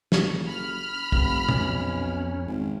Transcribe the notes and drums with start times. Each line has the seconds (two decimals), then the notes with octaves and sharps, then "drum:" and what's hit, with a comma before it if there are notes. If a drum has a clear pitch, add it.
0.12 F#1, drum: snare
0.46 B5 F6
1.12 F1, drum: kick
1.49 B1 F2 C#4, drum: tom
2.47 G#1